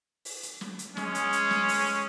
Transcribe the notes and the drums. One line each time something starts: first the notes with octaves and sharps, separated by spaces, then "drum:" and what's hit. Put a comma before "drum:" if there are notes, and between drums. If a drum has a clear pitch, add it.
drum: open hi-hat
drum: hi-hat
drum: snare
drum: hi-hat
G#3 C#4, drum: snare
drum: hi-hat
drum: hi-hat
drum: snare
drum: open hi-hat